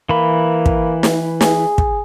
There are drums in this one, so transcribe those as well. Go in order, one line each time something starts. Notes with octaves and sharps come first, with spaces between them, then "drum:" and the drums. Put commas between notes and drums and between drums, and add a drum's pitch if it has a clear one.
E3 A#3 B5
drum: kick
drum: snare
G#4, drum: snare
drum: kick